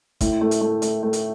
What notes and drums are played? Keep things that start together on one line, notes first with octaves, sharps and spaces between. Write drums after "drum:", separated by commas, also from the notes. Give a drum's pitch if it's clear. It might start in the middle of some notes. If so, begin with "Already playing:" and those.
A2, drum: kick G#1, hi-hat
A3
drum: hi-hat
A3
A3, drum: hi-hat
A3
drum: hi-hat